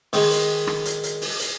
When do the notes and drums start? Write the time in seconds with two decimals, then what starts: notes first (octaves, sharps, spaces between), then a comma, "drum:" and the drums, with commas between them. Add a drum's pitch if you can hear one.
0.13 D#3 G#3, drum: open hi-hat
0.31 drum: hi-hat
0.67 drum: rim click
0.85 drum: hi-hat
1.03 drum: hi-hat
1.22 drum: open hi-hat
1.40 drum: hi-hat